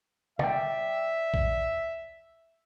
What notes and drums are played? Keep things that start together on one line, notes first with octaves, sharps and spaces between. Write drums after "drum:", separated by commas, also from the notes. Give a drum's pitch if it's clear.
D5 E5 G5, drum: tom
drum: kick